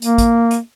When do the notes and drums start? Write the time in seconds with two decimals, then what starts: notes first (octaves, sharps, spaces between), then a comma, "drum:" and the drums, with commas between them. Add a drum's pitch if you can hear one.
0.02 A#3, drum: hi-hat
0.18 drum: kick, hi-hat
0.51 drum: hi-hat